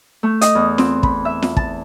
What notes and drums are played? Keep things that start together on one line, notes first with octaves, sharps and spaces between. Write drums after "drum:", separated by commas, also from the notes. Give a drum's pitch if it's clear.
A3
D#5, drum: hi-hat
E2
C4, drum: snare
B5, drum: kick
E5
drum: snare
A5, drum: kick